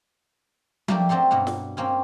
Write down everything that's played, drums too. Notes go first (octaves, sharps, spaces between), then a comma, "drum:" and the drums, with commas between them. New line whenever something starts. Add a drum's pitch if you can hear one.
A3 A#3 D4 G4 A#4, drum: tom F3
F#3 C4 G4 A4 C6
G2 B2 A#3 F#5
drum: snare
A#3 C4 C#4